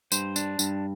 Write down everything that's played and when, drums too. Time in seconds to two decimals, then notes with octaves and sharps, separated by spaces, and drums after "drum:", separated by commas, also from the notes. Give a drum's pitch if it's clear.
0.12 G2 C5, drum: tambourine
0.36 D4, drum: tambourine
0.59 G2, drum: tambourine